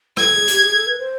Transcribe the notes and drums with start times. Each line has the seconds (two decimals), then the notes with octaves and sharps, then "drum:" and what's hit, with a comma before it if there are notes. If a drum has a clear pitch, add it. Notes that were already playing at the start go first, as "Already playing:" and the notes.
0.17 A4 G#6, drum: rim click
0.33 G#4
0.48 G4, drum: hi-hat
0.63 G#4
0.75 A4
0.86 B4
0.98 C5